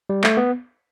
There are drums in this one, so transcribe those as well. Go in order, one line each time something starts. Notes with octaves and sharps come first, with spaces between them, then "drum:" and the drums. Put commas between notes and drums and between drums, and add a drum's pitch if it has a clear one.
G3
A3, drum: clap
B3